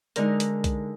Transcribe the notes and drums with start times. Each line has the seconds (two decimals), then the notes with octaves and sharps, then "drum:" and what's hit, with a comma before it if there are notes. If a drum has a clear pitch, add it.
0.16 D3 G#3 D#4 A#4, drum: hi-hat
0.40 drum: hi-hat
0.64 drum: kick B1, hi-hat